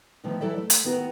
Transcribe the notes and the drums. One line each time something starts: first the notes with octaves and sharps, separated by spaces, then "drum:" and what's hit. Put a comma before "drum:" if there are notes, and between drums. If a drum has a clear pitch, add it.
B2 D3 D#3 F3 A3
E3 F#3 E4 A4 D5 E5
A3
drum: hi-hat
D#3 B3 E4 F#4 A#4